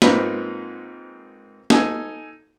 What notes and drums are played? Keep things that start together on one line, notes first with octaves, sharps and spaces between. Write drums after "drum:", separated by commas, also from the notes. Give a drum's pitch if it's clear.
G#2 A#3 C4 D#4 F4 B4, drum: snare
D#4 A4 G#5, drum: snare